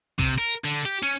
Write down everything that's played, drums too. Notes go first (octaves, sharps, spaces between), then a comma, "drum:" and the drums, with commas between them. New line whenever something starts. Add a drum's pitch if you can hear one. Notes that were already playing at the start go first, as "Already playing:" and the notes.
C3, drum: kick
A#4
D3
G4
C#4